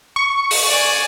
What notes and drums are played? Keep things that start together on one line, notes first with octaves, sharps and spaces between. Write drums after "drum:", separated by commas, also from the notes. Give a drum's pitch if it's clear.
C#6
drum: open hi-hat
D5 G#5